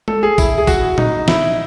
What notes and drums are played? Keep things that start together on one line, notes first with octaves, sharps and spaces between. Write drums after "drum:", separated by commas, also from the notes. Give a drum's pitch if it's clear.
A4, drum: tom G#3
G#4
E4, drum: kick, tambourine
G#4
F#4, drum: kick, tambourine
D#4, drum: tom A#2
E4, drum: snare